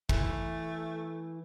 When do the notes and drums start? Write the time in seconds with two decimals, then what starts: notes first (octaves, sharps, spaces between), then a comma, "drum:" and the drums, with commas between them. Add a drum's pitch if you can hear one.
0.09 E3 A3, drum: kick